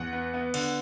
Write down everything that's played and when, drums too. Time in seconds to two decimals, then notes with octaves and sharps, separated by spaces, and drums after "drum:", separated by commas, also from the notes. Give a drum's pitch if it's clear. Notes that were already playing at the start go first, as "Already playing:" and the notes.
Already playing: E2 F#5
0.13 B3
0.34 B3
0.54 D3, drum: cymbal